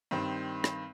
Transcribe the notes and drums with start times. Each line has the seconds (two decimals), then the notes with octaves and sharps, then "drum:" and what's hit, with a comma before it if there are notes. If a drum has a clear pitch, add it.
0.11 G2 D#3 C4
0.64 drum: rim click